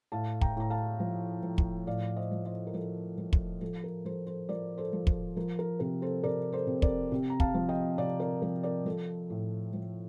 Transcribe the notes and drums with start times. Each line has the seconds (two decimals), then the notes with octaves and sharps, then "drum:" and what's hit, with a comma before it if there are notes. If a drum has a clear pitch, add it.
0.12 A2 F5 A5
0.41 G5 A#5, drum: kick
0.57 A2 A#5
0.70 F5 A5
1.00 F3
1.43 F3
1.58 drum: kick
1.86 A2 D5 F5
2.16 C5 D#5
2.31 F3
2.46 C5 D#5
2.67 A#4
2.74 F3 A4
3.18 F3
3.33 drum: kick
3.61 F3 A4
3.84 A#4
4.05 F3 A4 C5
4.27 A4 C5
4.49 F3 A#4 D5
4.78 A4 C5
4.93 F3
5.07 A4, drum: kick
5.36 F3 A#4
5.59 A#4
5.80 C3 A#4
6.02 A4 C5
6.23 C3 A#4 D5
6.52 A4 C5
6.67 C3
6.82 A#4 D5, drum: kick
7.12 C3
7.30 A#5
7.40 F5 A5, drum: kick
7.54 F3
7.69 D#5 G5
7.98 C3 D5 F5
8.20 A#4 D5
8.42 F3 A#4
8.63 A#4 D5
8.86 F3 A4
9.30 A2
9.74 F3